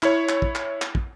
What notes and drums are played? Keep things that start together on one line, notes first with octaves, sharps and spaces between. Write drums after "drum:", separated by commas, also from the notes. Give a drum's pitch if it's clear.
E4 C#5, drum: clap
drum: clap
drum: kick
drum: clap
drum: clap
drum: kick